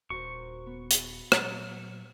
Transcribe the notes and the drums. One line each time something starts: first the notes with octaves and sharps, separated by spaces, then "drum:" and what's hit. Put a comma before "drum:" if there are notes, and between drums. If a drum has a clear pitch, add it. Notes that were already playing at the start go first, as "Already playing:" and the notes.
D#1 F#4 A#4 C5 C#6
B3
drum: hi-hat
A#2 F#3 F5, drum: rim click